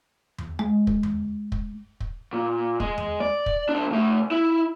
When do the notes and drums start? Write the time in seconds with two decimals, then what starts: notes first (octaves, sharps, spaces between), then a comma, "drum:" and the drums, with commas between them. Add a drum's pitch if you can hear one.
0.38 drum: tom E2
0.59 G#3
0.87 drum: kick
1.03 drum: tom E2
1.52 drum: kick
2.00 drum: kick
2.33 A#2
2.80 G#3, drum: kick
2.98 drum: tom E2
3.20 D5
3.46 drum: kick
3.69 C2 D4
3.91 C3 A3
4.31 E4